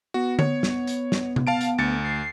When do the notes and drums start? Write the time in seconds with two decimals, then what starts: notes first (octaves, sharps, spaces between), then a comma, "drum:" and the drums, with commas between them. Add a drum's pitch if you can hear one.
0.14 B3 F#4
0.39 C#5, drum: tom D3
0.63 drum: snare
0.87 drum: hi-hat
1.12 drum: snare
1.36 drum: tom C3
1.47 F5 A5 D7
1.61 drum: hi-hat
1.78 D2 A6 C#7
2.04 C7